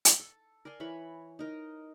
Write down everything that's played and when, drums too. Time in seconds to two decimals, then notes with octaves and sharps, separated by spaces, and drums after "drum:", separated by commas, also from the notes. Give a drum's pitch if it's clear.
0.05 drum: hi-hat
0.19 A4
0.65 A#4 D5 G#5 C6
0.80 E3 C#5 B5
1.39 D#4 A#4 D#5